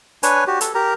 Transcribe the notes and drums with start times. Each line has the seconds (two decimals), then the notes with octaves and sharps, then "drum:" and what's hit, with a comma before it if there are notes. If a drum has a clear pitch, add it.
0.23 D4 B4 C#5 G#5, drum: hi-hat
0.47 F#4 G4
0.61 A4, drum: hi-hat
0.75 G4 A#4 A#5